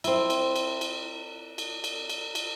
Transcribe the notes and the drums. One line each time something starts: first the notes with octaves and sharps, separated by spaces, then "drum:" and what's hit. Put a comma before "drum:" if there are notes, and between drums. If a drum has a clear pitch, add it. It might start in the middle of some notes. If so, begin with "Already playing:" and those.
C4 E4, drum: cymbal
drum: cymbal
drum: cymbal
drum: cymbal
drum: cymbal
drum: cymbal
drum: cymbal
drum: cymbal